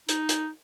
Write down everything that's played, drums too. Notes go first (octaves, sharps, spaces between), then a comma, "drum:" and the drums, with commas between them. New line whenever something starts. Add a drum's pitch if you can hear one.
D#4, drum: hi-hat
drum: hi-hat